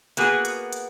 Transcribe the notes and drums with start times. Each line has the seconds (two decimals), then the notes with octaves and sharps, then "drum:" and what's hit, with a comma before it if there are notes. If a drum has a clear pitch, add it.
0.17 A#3 B3 F#4 G#4, drum: hi-hat
0.45 drum: hi-hat
0.73 drum: hi-hat